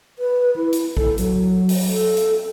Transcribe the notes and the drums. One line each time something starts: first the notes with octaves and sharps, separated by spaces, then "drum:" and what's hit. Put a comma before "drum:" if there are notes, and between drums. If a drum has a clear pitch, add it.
B4
E4
drum: hi-hat
A4, drum: kick A#1
F#3, drum: hi-hat
drum: open hi-hat
A4
drum: hi-hat